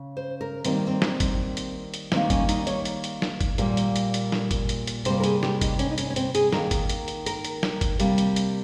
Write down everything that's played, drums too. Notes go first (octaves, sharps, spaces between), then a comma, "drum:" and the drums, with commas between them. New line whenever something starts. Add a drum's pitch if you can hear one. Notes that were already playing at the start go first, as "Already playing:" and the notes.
Already playing: C#3
C5
A#4
D#3 G3 A#3 C4, drum: hi-hat
C4
drum: snare
drum: kick G1, hi-hat
drum: hi-hat
drum: hi-hat
D#3 G3 A#3 C4, drum: snare
C#4, drum: kick G1, hi-hat
D#4, drum: hi-hat
C#5, drum: hi-hat
drum: hi-hat
drum: hi-hat
drum: snare
drum: kick G1, hi-hat
A#2 G3 A#3, drum: hi-hat
drum: hi-hat
drum: hi-hat
drum: hi-hat
drum: snare
drum: kick G1, hi-hat
drum: hi-hat
drum: hi-hat
C3 G3 A#3 C5, drum: hi-hat
A#4
G#4, drum: hi-hat
G4, drum: snare
D#4, drum: kick G1, hi-hat
C#4, drum: hi-hat
D#4
C#4, drum: hi-hat
C#4
C4, drum: hi-hat
G#4, drum: hi-hat
D#3 A#3 A#4, drum: snare
drum: kick G1, hi-hat
drum: hi-hat
drum: hi-hat
A#4, drum: hi-hat
drum: hi-hat
drum: snare
drum: kick G1, hi-hat
C3 G3 A#3, drum: hi-hat
drum: hi-hat
drum: hi-hat